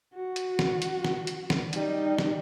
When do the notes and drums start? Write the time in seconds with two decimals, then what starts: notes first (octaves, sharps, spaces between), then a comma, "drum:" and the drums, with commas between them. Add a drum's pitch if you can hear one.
0.15 F#4
0.36 drum: hi-hat
0.59 drum: snare
0.82 drum: hi-hat
1.04 drum: snare
1.27 drum: hi-hat
1.50 drum: snare
1.73 G3 D#4, drum: hi-hat
2.18 drum: snare